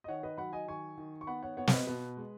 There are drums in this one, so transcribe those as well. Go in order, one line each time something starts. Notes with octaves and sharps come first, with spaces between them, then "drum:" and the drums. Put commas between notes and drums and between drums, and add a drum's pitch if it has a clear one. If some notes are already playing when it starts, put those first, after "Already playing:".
D#5
D#3 C#5 F#5
B4 D#5
F#3 F#5 B5
D#5 G#5
D#3 G#5 C#6
D#3
C#6
B3 F#5 B5
C#5 F#5
B3 C#5 F#5
C#5, drum: snare
B4 D#5
B2 B4
G#3